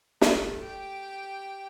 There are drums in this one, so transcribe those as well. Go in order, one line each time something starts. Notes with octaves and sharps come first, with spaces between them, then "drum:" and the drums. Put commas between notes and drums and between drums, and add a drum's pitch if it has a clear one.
A3, drum: snare
G4 G5